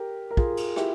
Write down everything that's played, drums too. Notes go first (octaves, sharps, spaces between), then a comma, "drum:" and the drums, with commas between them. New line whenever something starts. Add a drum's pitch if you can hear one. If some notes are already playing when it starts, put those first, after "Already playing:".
Already playing: G4 A#4
A#4
F4 G#4, drum: kick
drum: cymbal
E4 G4, drum: rim click